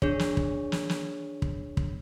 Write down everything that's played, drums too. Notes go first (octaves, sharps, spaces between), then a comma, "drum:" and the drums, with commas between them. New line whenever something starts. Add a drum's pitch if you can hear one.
D4 G#4 C#5, drum: kick
drum: snare
drum: kick
drum: snare
drum: snare
drum: kick
drum: kick